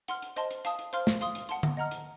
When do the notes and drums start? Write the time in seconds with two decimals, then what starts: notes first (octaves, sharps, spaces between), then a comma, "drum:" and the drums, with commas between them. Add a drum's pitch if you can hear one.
0.08 F#5 C6 F6, drum: hi-hat
0.22 drum: hi-hat
0.36 C5 D#5 A5 C6, drum: hi-hat
0.51 drum: hi-hat
0.65 F5 A5 D#6, drum: hi-hat
0.79 drum: hi-hat
0.93 C5 F5 C6 F6, drum: hi-hat
1.07 drum: snare
1.21 F5 C6 D#6, drum: hi-hat
1.35 drum: hi-hat
1.49 F#5 A5 C6, drum: hi-hat
1.63 drum: tom D3
1.77 D#5 F#5 A#5 F6
1.91 drum: hi-hat